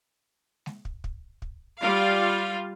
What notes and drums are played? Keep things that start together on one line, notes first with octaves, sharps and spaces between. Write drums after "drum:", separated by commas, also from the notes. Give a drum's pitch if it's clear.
drum: snare G#3
drum: kick
drum: kick
drum: kick
G3 F4 F5